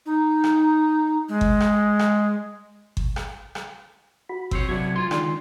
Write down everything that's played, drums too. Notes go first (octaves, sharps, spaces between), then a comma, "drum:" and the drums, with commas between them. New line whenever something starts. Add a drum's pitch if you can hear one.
D#4
drum: rim click
G#3
drum: kick G1
drum: rim click
drum: rim click
drum: kick G1
drum: rim click
drum: rim click
F#4 B5
C4 C5 C#5, drum: kick G1
C3 F#3 B3 D4 G#6
C#2 F4 C6
D#3 D4, drum: rim click